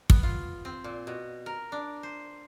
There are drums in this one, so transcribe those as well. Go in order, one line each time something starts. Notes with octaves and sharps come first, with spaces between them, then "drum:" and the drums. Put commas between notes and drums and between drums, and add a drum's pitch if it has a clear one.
B3, drum: kick
F4
C4
A#2
B2
A#4
D4
C5